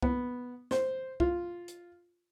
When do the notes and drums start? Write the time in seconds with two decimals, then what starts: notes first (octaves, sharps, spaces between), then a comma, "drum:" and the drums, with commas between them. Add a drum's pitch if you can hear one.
0.02 B3, drum: kick C2
0.71 C5, drum: snare
1.20 F4, drum: kick C2
1.68 drum: hi-hat